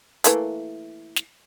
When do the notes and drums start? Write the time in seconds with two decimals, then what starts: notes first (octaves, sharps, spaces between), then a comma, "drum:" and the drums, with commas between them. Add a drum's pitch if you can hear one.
0.24 E3 A3 A#3, drum: hi-hat
1.16 drum: snare